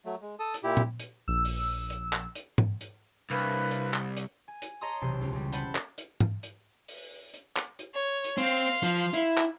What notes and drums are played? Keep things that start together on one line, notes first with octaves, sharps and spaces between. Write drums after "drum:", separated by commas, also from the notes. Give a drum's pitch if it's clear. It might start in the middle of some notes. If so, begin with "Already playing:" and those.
F#3 A3
G#3
A4 A5 D#6
drum: hi-hat
A#2 E4 G4
drum: tom A#2
drum: hi-hat
A#1 E6
drum: open hi-hat
drum: hi-hat
drum: clap
drum: hi-hat
drum: tom G#2
drum: hi-hat
C2 A#3 D4 B4
drum: hi-hat
drum: clap
drum: hi-hat
G#5
drum: hi-hat
C#5 D#5 A5 A#5 C6 D#6
E1 B1 C3 C5
C#2 C#3
C#3 G3
C5 F#5 A5 B5 G6, drum: hi-hat
drum: clap
drum: hi-hat
drum: tom G#2
drum: hi-hat
drum: open hi-hat
drum: hi-hat
drum: clap
drum: hi-hat
C#5
drum: hi-hat
C4 F5 C6
drum: open hi-hat
F3
E4, drum: hi-hat
drum: clap